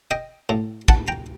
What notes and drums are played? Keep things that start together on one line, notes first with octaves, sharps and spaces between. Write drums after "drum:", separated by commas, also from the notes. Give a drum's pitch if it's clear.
D#5 G5
A2
F#5 A5, drum: kick
G5 A#5